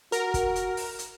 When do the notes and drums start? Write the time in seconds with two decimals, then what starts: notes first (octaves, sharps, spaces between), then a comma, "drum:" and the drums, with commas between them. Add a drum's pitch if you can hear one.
0.12 F#4 A#4, drum: hi-hat
0.34 drum: kick, hi-hat
0.56 drum: hi-hat
0.77 drum: open hi-hat
0.99 drum: hi-hat